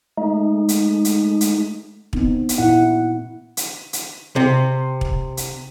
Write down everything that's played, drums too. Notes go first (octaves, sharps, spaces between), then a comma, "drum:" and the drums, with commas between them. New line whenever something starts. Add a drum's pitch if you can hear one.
G#3 A3 D#4
drum: hi-hat
drum: hi-hat
drum: hi-hat
B3 C4 D#4, drum: kick
drum: hi-hat
A#2 E4 F#5
drum: hi-hat
drum: hi-hat
C3
drum: kick
drum: hi-hat